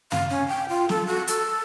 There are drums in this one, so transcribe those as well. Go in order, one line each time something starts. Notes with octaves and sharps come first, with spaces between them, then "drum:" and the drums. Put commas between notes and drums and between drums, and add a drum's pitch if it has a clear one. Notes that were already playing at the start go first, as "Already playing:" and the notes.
F5, drum: tom
C#4
G5
F4
A4, drum: snare
F#4
A4, drum: hi-hat